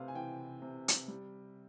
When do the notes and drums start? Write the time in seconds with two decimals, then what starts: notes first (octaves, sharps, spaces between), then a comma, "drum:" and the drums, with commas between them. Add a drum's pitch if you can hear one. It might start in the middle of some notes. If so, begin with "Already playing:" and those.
Already playing: C3 A3 B4 C5 F5
0.08 G#5
0.15 E3 G5
0.62 C3
0.88 drum: hi-hat
1.08 G3